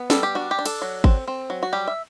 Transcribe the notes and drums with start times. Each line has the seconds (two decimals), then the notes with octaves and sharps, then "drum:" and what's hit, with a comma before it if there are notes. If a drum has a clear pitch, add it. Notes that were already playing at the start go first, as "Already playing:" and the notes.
Already playing: B3
0.10 G3 A4, drum: snare
0.23 G4
0.35 D4 F#4
0.51 G4
0.59 D4
0.66 A4, drum: cymbal
0.82 F#3
1.04 C4, drum: kick G#1
1.28 C4
1.50 F#3
1.63 F#4
1.73 G3 G4
1.88 E5